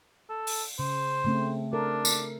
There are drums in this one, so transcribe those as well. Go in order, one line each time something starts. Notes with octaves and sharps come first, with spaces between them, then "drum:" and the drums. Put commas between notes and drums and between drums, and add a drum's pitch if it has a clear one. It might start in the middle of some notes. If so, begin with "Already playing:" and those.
A4
drum: open hi-hat
C#3 C5
C#3 A3 C4
D4 A4 A#4
drum: tambourine